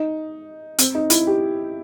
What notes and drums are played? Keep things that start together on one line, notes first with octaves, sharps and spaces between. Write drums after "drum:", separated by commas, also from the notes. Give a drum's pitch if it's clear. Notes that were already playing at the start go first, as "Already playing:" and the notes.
Already playing: D#4
C4, drum: hi-hat
D#4
E4, drum: hi-hat
G4